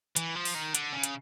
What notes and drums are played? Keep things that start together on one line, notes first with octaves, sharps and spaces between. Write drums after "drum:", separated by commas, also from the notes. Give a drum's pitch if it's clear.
E3, drum: hi-hat
F3
drum: open hi-hat
D#3
D3, drum: hi-hat
C#3
drum: hi-hat